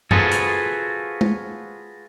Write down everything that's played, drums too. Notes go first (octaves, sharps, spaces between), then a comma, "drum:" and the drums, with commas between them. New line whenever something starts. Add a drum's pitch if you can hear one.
F4 F#4 G#4 A4 B4 C5, drum: tom F#2
drum: hi-hat
drum: tom G#3